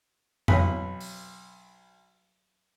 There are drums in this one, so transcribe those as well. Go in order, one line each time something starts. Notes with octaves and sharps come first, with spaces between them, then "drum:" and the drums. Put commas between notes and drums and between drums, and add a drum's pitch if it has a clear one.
B1 F#3 C4 B4 C#5 B5, drum: tom F2
drum: open hi-hat